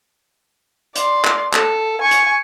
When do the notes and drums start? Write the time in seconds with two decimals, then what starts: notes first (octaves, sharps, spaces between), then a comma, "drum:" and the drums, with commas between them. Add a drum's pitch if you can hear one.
0.96 D5 C6, drum: hi-hat
1.24 drum: clap
1.53 A4, drum: clap
2.01 G#5 C#6
2.11 drum: hi-hat